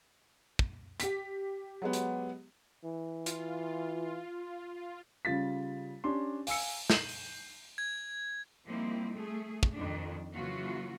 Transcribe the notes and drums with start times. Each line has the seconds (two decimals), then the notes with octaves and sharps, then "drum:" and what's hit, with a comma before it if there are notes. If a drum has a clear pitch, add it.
0.59 drum: kick
1.00 G4 B6, drum: hi-hat
1.82 F#3 G#3 B3
1.93 drum: hi-hat
2.85 E3
3.26 F4, drum: hi-hat
5.25 C#3 G3 F4 A6 B6
6.04 C#4 D4 G4 C6
6.47 F5 G#5 E6 C#7, drum: open hi-hat
6.90 G6 C7 D#7 E7 F#7, drum: snare
7.09 drum: open hi-hat
7.78 G#6
8.66 F3 G3 A#3 C4 D#4 E4
9.13 A3 G#4
9.63 drum: kick
9.72 F2 D#3 D4
10.33 C#3 E3 F#3 A#3 F4 F#4